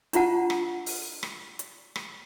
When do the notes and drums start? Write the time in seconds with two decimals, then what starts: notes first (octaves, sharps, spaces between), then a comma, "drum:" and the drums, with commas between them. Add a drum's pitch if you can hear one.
0.13 D4 E4 F4 F#5 A5, drum: hi-hat
0.50 drum: rim click
0.86 drum: open hi-hat
1.23 drum: rim click
1.59 drum: hi-hat
1.96 drum: rim click